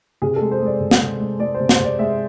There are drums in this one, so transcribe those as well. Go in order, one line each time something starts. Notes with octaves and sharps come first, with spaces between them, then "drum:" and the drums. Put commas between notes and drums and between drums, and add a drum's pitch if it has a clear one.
C3 G#4
A4
G#3
C5
G#3
D5
C3
drum: snare
C3
G#3
G#3 D5
C5
C3
C5, drum: snare
C3 D5
G#3 E5